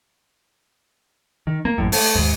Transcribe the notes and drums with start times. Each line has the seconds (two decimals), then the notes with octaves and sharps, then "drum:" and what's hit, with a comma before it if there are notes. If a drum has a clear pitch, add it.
1.47 D#3
1.65 A#3
1.78 A1 F#2 A2
1.92 A3, drum: open hi-hat
2.15 D#2 G#2